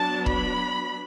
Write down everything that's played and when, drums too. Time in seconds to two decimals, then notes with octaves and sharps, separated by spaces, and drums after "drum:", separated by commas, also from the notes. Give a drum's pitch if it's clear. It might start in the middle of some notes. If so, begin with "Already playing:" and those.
Already playing: F#3 B3 D4 A5
0.26 B5, drum: kick